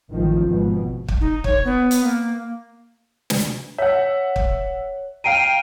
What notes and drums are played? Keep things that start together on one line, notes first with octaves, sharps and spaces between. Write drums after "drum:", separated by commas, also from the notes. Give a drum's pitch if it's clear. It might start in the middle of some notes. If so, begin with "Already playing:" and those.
A1 D#3 F3
G#1 B2
drum: kick
D#4
C#5, drum: kick
B3
drum: hi-hat
A#3
drum: snare
C#5 E5 F#5
drum: kick
F5 G5 A#5 C7 D7 D#7